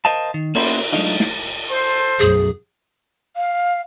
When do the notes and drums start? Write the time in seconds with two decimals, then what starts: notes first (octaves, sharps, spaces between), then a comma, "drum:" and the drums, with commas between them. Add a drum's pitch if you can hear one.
0.05 A#4 C5 D#5 F5 A5
0.34 D#3
0.55 A#3 B3 C#4 E4 C5, drum: cymbal
0.93 F#3 G#3 A3 D4 D#4 F4
1.20 drum: snare
1.70 A4 C5 C6
2.19 B1 F#2 A3 G#4
3.36 F5